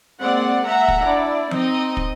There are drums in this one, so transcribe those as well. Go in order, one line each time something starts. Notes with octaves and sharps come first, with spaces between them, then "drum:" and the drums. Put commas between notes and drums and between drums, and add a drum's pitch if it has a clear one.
G#3 A#3 C4 D5 F#5
E5 F#5 A#5
drum: kick
D4 E4 D5
C4 D#4 D#5, drum: tom F3
drum: kick